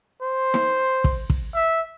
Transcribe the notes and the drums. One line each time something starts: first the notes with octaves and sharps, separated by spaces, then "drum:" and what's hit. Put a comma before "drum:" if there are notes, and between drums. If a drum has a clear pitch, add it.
C5
drum: snare
drum: kick
drum: kick
E5